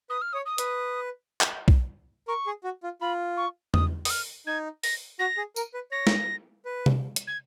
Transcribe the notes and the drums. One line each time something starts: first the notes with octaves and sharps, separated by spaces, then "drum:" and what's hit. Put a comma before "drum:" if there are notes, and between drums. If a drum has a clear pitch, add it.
B4 D#6
F6
C#5 D#6
D#6
B4, drum: hi-hat
drum: clap
drum: kick B1
A#4 C#6
G#4
F#4
F4
F4 B5
C#6
D#6, drum: tom E2
D#6, drum: open hi-hat
F6
D#4 G#6
A#6, drum: open hi-hat
F#4 A#6
G#4
A#4, drum: tambourine
B4
C#5 A#6
drum: snare
B4
drum: tom C3
drum: hi-hat
G#6